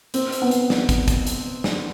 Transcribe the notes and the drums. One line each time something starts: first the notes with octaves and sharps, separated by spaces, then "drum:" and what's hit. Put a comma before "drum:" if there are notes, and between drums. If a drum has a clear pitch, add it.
C4, drum: hi-hat
drum: hi-hat
B3
drum: hi-hat
drum: snare
drum: kick, hi-hat
drum: kick, hi-hat
drum: hi-hat
drum: snare